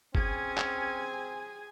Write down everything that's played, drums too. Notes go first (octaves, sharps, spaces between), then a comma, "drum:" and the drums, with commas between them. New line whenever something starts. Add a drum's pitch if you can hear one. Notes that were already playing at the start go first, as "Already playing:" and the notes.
C4 C#4 G#4 G#5, drum: kick
drum: clap